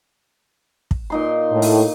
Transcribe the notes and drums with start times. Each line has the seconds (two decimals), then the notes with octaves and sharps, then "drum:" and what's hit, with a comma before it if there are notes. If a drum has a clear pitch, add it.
0.91 drum: kick
1.10 A#2 D#4 C6
1.52 A2
1.62 drum: open hi-hat